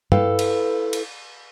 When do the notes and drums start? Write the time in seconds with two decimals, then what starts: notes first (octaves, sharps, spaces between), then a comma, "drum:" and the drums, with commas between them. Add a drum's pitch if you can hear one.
0.12 E4 A4 B4 F5 G5, drum: tom G2
0.39 drum: cymbal
0.93 drum: cymbal